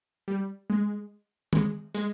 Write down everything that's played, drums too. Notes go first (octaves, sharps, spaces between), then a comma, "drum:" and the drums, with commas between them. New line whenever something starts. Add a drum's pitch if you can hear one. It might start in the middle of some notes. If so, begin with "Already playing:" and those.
G3
G#3
G#3, drum: tom
G#3, drum: hi-hat